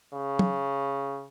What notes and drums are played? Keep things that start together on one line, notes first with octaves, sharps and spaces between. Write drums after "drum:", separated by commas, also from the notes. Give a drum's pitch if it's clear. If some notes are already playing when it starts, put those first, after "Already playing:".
C#3
drum: tom F#3